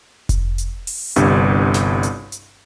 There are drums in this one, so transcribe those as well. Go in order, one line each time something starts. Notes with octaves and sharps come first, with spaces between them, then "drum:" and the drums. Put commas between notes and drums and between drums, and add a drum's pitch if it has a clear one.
drum: kick F1, hi-hat
drum: hi-hat
drum: open hi-hat
G1 C2 G2, drum: hi-hat
drum: snare
drum: hi-hat
drum: hi-hat